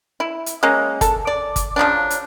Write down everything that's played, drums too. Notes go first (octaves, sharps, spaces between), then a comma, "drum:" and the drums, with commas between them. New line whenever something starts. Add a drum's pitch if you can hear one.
E4
drum: hi-hat
G#3 A#3 C#4
A4, drum: kick G1, hi-hat
D5
drum: kick G1, hi-hat
C#3 F3 F#3 D4
drum: hi-hat